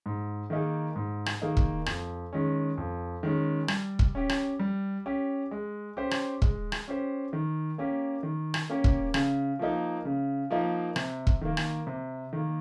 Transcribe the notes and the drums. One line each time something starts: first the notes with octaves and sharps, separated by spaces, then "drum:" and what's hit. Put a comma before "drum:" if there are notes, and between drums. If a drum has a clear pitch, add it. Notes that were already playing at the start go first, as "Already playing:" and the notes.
G#2
D#3 A#3 D#4 G#4
G#2
drum: rim click
D#3 A#3 D#4 G#4
drum: kick
F2, drum: rim click
D#3 G#3 C#4
F2
D#3 G#3 C#4
G3, drum: rim click
drum: kick
C#4 G4
drum: rim click
G3
C#4 G4
G#3
C#4 G4 C5
drum: rim click
G#3, drum: kick
drum: rim click
C#4 G4 C5
D#3
A#3 C#4 G4
D#3
drum: rim click
A#3 C#4 G4
drum: kick
C#3, drum: rim click
F3 A#3 D#4
C#3
F3 A#3 D#4
C3, drum: rim click
drum: kick
D#3 A#3
drum: rim click
C3
D#3 A#3